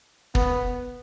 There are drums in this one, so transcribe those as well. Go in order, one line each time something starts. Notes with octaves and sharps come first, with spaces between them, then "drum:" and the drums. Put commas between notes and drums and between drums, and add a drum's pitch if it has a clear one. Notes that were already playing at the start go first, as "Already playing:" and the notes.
B3, drum: kick